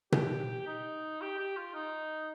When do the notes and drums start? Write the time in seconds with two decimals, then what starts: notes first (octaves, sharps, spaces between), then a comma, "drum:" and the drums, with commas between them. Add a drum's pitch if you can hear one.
0.12 G4, drum: tom B2
0.66 D#4
1.21 G4
1.39 G4
1.57 F4
1.74 D#4